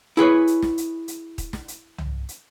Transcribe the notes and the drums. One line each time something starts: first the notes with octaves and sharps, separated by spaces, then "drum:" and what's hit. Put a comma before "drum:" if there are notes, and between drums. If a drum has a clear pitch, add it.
E4 G#4 B4 C#5
drum: hi-hat
drum: snare
drum: hi-hat
drum: hi-hat
drum: kick D#1, hi-hat
drum: snare
drum: hi-hat
drum: tom
drum: hi-hat